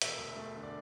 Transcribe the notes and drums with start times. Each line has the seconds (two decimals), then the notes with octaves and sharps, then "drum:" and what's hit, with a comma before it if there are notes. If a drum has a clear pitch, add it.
0.02 E1 E5, drum: hi-hat
0.19 D2
0.37 A3
0.55 D3
0.63 D5